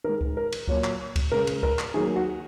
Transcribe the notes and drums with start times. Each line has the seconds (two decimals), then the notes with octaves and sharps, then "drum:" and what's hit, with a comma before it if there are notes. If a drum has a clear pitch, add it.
0.04 D#3 G#3 A#4
0.21 drum: kick C#2
0.37 A#4
0.52 drum: cymbal
0.68 A#2 F#3 A#3 C#5, drum: kick C#2
0.84 drum: clap
1.16 drum: kick C#2, cymbal
1.32 C#3 G#3 A#4
1.47 drum: cymbal
1.63 A#4, drum: kick C#2
1.79 drum: clap
1.94 D#3 F#3 A#3 G#4
2.16 F#4